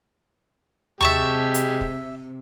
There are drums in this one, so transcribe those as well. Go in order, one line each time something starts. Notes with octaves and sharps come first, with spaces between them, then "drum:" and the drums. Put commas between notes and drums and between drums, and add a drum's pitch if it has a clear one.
C3 G#3 G4 E5 A5 C#6, drum: tom D#2
drum: hi-hat
drum: kick